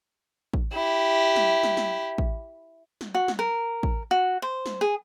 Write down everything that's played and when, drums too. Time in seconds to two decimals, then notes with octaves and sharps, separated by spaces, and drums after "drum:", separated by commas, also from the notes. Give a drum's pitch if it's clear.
0.54 drum: kick A1
0.73 E4 G4
1.36 drum: snare
1.63 drum: snare
1.77 drum: snare
2.18 drum: kick A1
3.01 drum: snare
3.15 F#4
3.28 drum: snare
3.39 A#4
3.83 drum: kick A1
4.11 F#4
4.42 C5
4.66 drum: snare
4.81 G#4